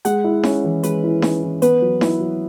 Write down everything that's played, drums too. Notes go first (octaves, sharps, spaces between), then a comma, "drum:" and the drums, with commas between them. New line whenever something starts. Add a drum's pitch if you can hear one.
G#3 F#5, drum: hi-hat
E4
C#4, drum: snare D#4
E3
G#3 B4, drum: hi-hat
E4
C#4, drum: snare D#4
E3
B3 B4, drum: hi-hat
F#3
E4, drum: snare D#4
F#3